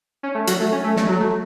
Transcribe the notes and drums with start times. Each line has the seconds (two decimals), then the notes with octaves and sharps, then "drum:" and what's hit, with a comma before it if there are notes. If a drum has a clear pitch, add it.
0.23 C#4
0.35 A3
0.47 F#3, drum: hi-hat
0.60 A3
0.72 C#4
0.84 A3
0.97 A3, drum: snare
1.09 F#3
1.20 A3